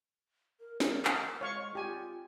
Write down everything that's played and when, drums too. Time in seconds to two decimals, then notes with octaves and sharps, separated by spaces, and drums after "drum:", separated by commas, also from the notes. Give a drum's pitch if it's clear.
0.60 A#4
0.80 A#4, drum: snare
1.05 drum: clap
1.41 G#3 C#5 F5 C#6
1.75 F4 G4 G#5